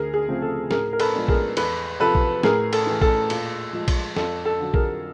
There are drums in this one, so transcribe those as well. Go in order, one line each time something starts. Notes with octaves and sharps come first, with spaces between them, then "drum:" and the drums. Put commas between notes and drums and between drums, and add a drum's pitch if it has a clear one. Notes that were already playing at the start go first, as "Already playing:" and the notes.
Already playing: D2 G#4 A#4
G#4
C#3 F3 A3 C4
A4
A2 G#4 A#4, drum: snare
A#4
A4 B4, drum: cymbal
F3 G#3 B3 D4
G#4 A#4, drum: kick A#1
E2 A4 B4, drum: cymbal
C3 F3 A4 B4
drum: kick A#1
A2 G#4 A#4, drum: snare
A4, drum: cymbal
E3 A3
A4, drum: kick A#1
A#2, drum: cymbal
F3 G#3
drum: kick A#1, cymbal
F2 A4, drum: snare
A4
D3 F#3
G#4 A#4, drum: kick A#1